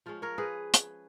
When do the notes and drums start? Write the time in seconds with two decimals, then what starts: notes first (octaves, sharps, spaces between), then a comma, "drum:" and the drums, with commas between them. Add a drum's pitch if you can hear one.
0.06 F3 G#3 C#4 F4
0.22 A#4 C#5
0.38 G#4 B4
0.74 drum: hi-hat